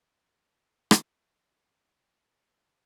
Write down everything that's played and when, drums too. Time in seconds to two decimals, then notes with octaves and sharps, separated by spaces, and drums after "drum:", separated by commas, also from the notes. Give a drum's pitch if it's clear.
0.10 F5 C#6
0.91 drum: rim click